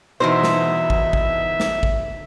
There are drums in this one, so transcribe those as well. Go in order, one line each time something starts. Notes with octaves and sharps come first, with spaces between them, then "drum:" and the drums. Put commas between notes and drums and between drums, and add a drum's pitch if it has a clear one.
E2 G2 B2 D#4 E4 C5 E5
drum: snare
drum: kick G#1
drum: kick G#1
drum: snare
drum: kick G#1